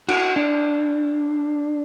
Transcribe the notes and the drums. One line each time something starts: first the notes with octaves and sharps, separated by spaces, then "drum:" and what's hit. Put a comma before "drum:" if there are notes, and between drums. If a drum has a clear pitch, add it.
F#4, drum: cymbal
D4